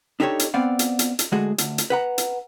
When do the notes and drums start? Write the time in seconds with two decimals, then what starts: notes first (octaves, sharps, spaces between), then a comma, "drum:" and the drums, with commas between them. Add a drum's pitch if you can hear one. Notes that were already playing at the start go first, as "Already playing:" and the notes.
0.20 D4 D#4 G4 A4 C5 C#5
0.39 drum: hi-hat
0.54 B3 C4 D5 F5 F#5
0.79 drum: hi-hat
0.99 drum: hi-hat
1.19 drum: hi-hat
1.32 D3 G#3 A3 F#4 G#4
1.58 D2, drum: hi-hat
1.78 drum: hi-hat
1.90 B4 F#5 A#5
2.18 drum: hi-hat